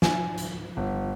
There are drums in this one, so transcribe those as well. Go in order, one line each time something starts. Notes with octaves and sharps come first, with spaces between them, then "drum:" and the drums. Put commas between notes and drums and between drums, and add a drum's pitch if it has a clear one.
G#5, drum: snare
drum: hi-hat
G1